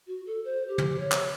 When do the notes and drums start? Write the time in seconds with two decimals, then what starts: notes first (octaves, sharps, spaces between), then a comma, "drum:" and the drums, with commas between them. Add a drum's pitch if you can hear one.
0.07 F#4
0.26 A4
0.45 C5
0.68 G4
0.78 drum: tom
0.99 C#5
1.11 drum: clap